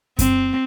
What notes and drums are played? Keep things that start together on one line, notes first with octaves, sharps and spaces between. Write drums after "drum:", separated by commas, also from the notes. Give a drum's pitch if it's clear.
C4, drum: kick F#2, hi-hat